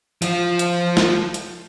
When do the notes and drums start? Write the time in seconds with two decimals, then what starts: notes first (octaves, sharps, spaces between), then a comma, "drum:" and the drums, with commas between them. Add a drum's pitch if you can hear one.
0.22 F3 F4, drum: hi-hat
0.59 drum: hi-hat
0.97 drum: snare
1.34 drum: hi-hat